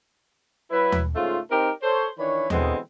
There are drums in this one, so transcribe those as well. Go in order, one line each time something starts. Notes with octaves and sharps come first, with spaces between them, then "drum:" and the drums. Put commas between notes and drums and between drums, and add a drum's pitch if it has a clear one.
F#3 E4 B4
drum: tom D#2
G#2 C#3 A3 F4
C4 D#4 G4 A#4
A4 C5 C#5
D#3 E3 D4 B4 C#5
B2 D3 E3 G#3 B3 C4, drum: tom D#2